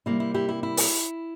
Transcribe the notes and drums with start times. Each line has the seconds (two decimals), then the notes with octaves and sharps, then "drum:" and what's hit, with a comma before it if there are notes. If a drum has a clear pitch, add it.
0.06 C3 G3 A#3 E4
0.20 E4
0.34 E4 G4
0.49 E4
0.63 E4
0.77 drum: open hi-hat